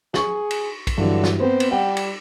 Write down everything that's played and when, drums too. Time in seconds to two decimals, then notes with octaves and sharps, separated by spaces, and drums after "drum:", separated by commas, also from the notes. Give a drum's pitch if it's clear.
0.14 G#4 C#6 F#7, drum: snare
0.51 drum: cymbal
0.87 drum: kick A#1, cymbal
0.98 G2 D3 E3 F#3
1.24 drum: snare
1.40 B3 C4 C5
1.60 drum: cymbal
1.71 G3 F#5 G5
1.97 drum: cymbal